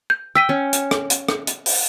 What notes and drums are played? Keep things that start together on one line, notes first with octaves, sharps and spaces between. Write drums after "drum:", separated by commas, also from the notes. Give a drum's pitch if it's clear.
G6
G5 E6 B6 D#7
C#4
drum: hi-hat
drum: rim click
drum: hi-hat
drum: rim click
drum: hi-hat
drum: open hi-hat